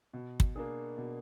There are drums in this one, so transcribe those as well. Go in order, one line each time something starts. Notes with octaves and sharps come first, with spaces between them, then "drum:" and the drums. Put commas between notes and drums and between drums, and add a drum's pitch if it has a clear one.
B2
drum: kick
A#3 D4 G#4
B2